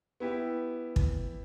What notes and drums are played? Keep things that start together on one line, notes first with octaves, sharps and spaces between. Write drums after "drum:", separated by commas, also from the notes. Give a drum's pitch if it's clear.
B3 E4 G4
drum: kick